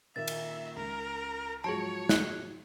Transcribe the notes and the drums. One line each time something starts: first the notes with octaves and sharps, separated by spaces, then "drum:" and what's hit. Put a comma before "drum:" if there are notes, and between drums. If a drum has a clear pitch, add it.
A#2 D#3 A#3 E5 A6
drum: cymbal
C#2 A#4
G#2 F3 F#3 G#4 C#5 A5
F#6, drum: snare